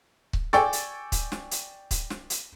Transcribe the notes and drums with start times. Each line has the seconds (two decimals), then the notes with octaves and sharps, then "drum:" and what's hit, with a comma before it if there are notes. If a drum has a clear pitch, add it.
0.33 drum: kick C#1
0.53 D5 G5 G#5 C#6 E6 A6, drum: snare
0.73 drum: hi-hat
1.12 drum: kick C#1, hi-hat
1.32 drum: snare
1.51 drum: hi-hat
1.91 drum: kick C#1, hi-hat
2.10 drum: snare
2.30 drum: hi-hat